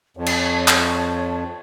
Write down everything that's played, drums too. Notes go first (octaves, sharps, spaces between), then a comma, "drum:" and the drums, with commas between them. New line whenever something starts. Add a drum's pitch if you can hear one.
F2 C#5 A5
drum: cymbal
drum: clap